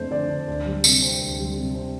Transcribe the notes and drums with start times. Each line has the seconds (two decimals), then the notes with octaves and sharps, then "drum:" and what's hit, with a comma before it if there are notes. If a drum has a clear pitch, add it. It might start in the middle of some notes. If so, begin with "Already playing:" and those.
Already playing: F2 A3 D4 C5
0.11 D3 D5
0.29 D4
0.48 D2
0.66 G3
0.84 C3, drum: tambourine
1.02 C4
1.21 D2
1.39 G3
1.57 C3
1.75 C4